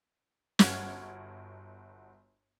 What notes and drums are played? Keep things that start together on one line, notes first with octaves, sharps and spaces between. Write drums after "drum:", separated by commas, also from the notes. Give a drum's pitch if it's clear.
G1 F#4 C#6 F6 G#6, drum: snare